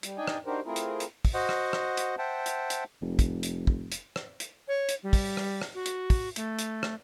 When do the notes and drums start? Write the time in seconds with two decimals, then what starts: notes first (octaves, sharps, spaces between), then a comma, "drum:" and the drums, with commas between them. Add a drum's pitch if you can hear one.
0.03 G3, drum: hi-hat
0.17 D4 D#4 D5 D#5 G5 G#5
0.28 drum: rim click
0.46 D4 D#4 F#4 G4 A#4 C5
0.65 A3 C4 E4 F4 G#4 A#4
0.76 drum: hi-hat
1.00 drum: hi-hat
1.25 drum: kick, open hi-hat
1.34 F#4 C5 D#5 F#5
1.49 drum: rim click
1.73 drum: rim click
1.97 drum: hi-hat
2.18 C5 E5 F#5 G5 A5
2.46 drum: hi-hat
2.70 drum: hi-hat
3.01 F1
3.19 drum: kick, hi-hat
3.43 drum: hi-hat
3.67 drum: kick
3.92 drum: hi-hat
4.16 drum: rim click
4.40 drum: hi-hat
4.68 C#5
4.89 drum: hi-hat
5.03 G3
5.13 drum: kick, open hi-hat
5.37 drum: rim click
5.61 drum: rim click
5.75 F#4
5.86 drum: hi-hat
6.10 drum: kick, open hi-hat
6.36 A3, drum: hi-hat
6.59 drum: hi-hat
6.83 drum: rim click